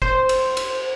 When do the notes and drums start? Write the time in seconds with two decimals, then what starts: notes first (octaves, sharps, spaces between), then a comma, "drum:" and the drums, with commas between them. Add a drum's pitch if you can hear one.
0.02 C5, drum: kick F#1
0.29 drum: cymbal
0.57 drum: cymbal